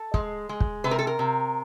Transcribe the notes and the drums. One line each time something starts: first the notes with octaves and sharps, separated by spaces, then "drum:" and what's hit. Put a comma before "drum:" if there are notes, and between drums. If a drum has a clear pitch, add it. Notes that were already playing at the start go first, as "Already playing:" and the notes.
Already playing: A4
G#3, drum: kick
G#3
drum: kick
C3 B4
A#4
A4
A#4
C3